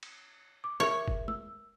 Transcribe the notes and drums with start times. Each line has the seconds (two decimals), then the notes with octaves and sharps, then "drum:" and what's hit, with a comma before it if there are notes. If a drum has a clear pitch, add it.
0.03 drum: cymbal
0.64 D6
0.80 G#4 A#4 C#5 E5
1.08 drum: kick F#1
1.28 E6, drum: tom G#3